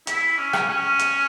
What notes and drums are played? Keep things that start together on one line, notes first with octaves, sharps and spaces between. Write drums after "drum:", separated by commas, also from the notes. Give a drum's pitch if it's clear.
E4, drum: hi-hat
C#4
drum: rim click
C#4
drum: hi-hat